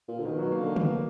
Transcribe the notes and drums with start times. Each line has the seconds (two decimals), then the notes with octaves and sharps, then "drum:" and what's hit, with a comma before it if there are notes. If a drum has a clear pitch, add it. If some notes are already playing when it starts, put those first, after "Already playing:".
0.08 A#2
0.19 D3
0.25 B2 D#3
0.38 B2 F#3
0.52 A#3
0.60 D3
0.76 B2 A#3, drum: tom